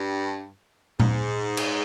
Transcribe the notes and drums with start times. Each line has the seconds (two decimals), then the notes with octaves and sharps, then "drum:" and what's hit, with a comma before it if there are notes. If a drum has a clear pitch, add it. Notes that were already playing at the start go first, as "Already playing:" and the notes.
Already playing: G2
1.00 G#2, drum: tom A#2
1.57 drum: cymbal